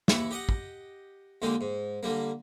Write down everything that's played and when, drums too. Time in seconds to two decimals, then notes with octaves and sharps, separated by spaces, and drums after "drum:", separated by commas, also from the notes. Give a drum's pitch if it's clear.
0.08 D#2 E3 E4 C#6, drum: snare
0.31 G4 D#5 F#5
0.49 drum: kick
1.42 D#2 D3 G#3 A#3 G4
1.61 G#2
2.03 D3 G3 A#3